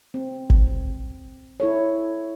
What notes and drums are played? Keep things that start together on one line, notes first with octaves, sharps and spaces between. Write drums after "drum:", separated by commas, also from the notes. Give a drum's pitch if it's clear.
C4
drum: kick G1
E4 A4 C#5